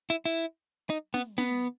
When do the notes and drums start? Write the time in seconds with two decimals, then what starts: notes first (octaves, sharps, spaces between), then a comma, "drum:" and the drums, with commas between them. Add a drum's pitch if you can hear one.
0.10 E4, drum: hi-hat
0.25 E4, drum: hi-hat
0.90 D#4
1.14 B3, drum: snare
1.38 B3, drum: snare